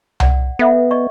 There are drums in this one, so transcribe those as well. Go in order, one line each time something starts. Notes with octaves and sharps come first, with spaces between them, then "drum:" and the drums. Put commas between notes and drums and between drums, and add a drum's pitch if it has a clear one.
D5 F#5, drum: tom C2
B3 A4 E5 F#5
D5 D#5 C#6